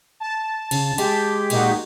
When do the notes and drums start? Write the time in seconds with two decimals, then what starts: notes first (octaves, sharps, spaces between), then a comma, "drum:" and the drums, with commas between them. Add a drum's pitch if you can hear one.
0.20 A5
0.71 C#3, drum: cymbal
0.98 G#3 G4, drum: cymbal
1.50 A#2 D#4 F#4, drum: cymbal